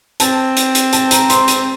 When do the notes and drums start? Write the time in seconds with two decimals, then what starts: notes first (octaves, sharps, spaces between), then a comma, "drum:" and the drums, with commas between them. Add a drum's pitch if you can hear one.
0.20 C4 A5, drum: hi-hat
0.57 drum: hi-hat
0.75 drum: hi-hat
0.93 A5, drum: hi-hat
1.11 A#5, drum: hi-hat
1.30 C6, drum: hi-hat
1.48 drum: hi-hat